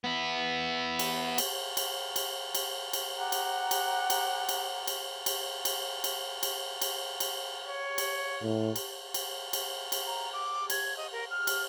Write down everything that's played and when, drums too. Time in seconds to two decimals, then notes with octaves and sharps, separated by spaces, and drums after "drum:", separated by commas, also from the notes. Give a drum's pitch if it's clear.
0.04 B3 E4
0.99 drum: cymbal
1.38 drum: cymbal
1.77 drum: cymbal
2.16 drum: cymbal
2.55 drum: cymbal
2.93 drum: cymbal
3.15 G4 F#5 A#5
3.32 drum: cymbal
3.71 drum: cymbal
4.10 drum: cymbal
4.49 drum: cymbal
4.87 drum: cymbal
5.26 drum: cymbal
5.65 drum: cymbal
6.04 drum: cymbal
6.43 drum: cymbal
6.82 drum: cymbal
7.20 drum: cymbal
7.67 C#5
7.98 drum: cymbal
8.42 A2
8.76 drum: cymbal
9.14 drum: cymbal
9.53 drum: cymbal
9.92 drum: cymbal
10.06 A#5
10.33 D6
10.70 G#6, drum: cymbal
10.97 D#5
11.12 A#4
11.31 F6
11.47 drum: cymbal